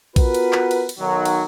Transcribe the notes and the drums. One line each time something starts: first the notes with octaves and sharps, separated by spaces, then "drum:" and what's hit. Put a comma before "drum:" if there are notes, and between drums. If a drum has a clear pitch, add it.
B3 F4 F#4 A#4 B4, drum: kick A#1, cymbal
drum: cymbal
drum: clap
drum: cymbal
drum: cymbal
B1 D#3 F#3
drum: cymbal